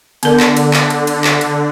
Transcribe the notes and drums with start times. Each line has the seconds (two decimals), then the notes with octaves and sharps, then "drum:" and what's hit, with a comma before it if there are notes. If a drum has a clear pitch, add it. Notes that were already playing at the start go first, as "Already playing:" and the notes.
0.23 D3 B3 A#4, drum: cymbal
0.40 drum: clap
0.57 drum: cymbal
0.73 drum: clap
0.90 drum: cymbal
1.07 drum: cymbal
1.24 drum: clap
1.41 drum: cymbal